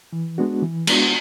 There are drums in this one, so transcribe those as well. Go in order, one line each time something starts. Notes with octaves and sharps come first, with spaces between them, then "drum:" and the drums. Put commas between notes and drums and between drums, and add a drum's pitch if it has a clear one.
E3
G#3 B3 D4 F#4
E3
G#3 B3 D4 F#4, drum: cymbal